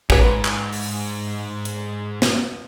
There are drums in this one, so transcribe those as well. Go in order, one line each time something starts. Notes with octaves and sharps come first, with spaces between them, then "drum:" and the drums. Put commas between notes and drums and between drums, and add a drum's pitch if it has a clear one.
G#2 C#4 B4, drum: kick
drum: clap
drum: open hi-hat
drum: hi-hat
drum: snare